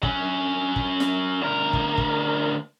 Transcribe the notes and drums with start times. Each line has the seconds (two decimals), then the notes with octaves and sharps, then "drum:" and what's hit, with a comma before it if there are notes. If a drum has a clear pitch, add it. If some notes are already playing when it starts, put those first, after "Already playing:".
0.03 F#3 C#4, drum: kick
0.76 drum: kick
1.00 drum: snare
1.42 D2 A#4
1.73 drum: kick
1.98 drum: kick